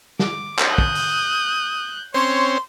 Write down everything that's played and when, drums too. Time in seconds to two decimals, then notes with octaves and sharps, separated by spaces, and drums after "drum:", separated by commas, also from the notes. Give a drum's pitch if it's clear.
0.19 D6, drum: snare
0.59 drum: clap
0.68 D#6 F#6 G6
0.78 drum: kick
0.95 drum: open hi-hat
2.14 C4 C#4 C5 C#5 C6